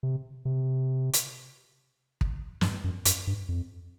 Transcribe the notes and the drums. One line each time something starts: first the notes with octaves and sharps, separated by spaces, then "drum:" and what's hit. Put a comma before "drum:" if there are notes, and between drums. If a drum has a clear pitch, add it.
C3
C3
drum: hi-hat
drum: kick
G2, drum: snare
F#2
F#2, drum: hi-hat
G2
F2